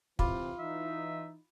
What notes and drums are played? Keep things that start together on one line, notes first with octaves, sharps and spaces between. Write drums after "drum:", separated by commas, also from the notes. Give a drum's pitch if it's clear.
C3 E3 C4 F4 F5 B5 D6, drum: kick
E3 D#4 E5